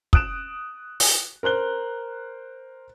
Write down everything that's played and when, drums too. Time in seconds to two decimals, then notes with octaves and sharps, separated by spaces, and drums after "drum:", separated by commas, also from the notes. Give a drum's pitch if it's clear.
0.13 D#6 F#6 D7 E7, drum: kick
1.00 drum: open hi-hat
1.43 A#4 C5 F#6 G7